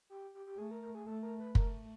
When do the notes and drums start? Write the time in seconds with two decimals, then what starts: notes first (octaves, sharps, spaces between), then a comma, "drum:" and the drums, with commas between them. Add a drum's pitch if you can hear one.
0.10 G4
0.35 G4
0.47 G4
0.58 A3 G#4
0.71 A#4
0.82 A#4
0.95 G#4
1.07 A3 A4
1.23 A#4
1.40 B4
1.55 A3 A#4, drum: kick